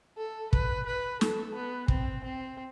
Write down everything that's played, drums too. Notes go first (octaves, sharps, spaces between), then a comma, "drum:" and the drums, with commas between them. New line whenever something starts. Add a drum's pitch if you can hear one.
A4
B4, drum: kick
B4
A4, drum: snare
B3
C4, drum: kick
C4